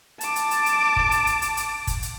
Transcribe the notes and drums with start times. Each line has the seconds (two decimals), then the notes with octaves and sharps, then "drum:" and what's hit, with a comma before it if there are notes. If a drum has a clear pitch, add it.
0.21 A5 D6, drum: hi-hat
0.36 drum: hi-hat
0.51 drum: hi-hat
0.66 drum: hi-hat
0.96 drum: kick
1.12 drum: hi-hat
1.27 drum: hi-hat
1.42 drum: hi-hat
1.57 drum: hi-hat
1.87 drum: kick, hi-hat
2.02 drum: hi-hat